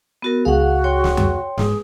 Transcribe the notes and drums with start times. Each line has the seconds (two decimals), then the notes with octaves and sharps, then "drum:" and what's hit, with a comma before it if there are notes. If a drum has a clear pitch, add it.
0.22 B3 F#4 A#4
0.45 C#2 F#4 G#4 F5 F#5
0.84 C#5 G5 C6
1.04 drum: snare
1.17 drum: tom F2
1.58 G#2 G#4, drum: snare